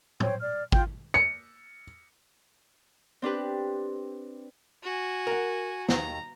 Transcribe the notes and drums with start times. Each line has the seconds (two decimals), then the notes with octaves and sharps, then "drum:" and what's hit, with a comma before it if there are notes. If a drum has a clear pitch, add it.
0.20 C5 C#5 G5, drum: tom A2
0.41 D5 F6
0.72 F4 G5, drum: kick G#1
1.14 C#7
3.22 C4 D4 G4 B4
4.84 F#4 G#5
5.27 A#4 F#5
5.89 D#2 D#3 A#5, drum: snare